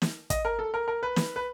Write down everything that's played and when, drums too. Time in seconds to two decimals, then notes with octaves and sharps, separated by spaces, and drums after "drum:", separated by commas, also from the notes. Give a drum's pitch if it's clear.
0.02 drum: snare
0.30 D#5, drum: kick, hi-hat
0.45 A#4
0.59 A4
0.74 A#4
0.88 A#4
1.03 B4
1.16 drum: snare
1.36 B4